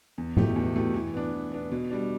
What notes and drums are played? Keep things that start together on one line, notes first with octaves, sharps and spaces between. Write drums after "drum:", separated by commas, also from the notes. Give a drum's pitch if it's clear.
E2
B2 A3 E4 G4, drum: tom A2
E2
B2 A3 E4 G4
E3
B3 D4
E3
B3 D4
B2
G3 D4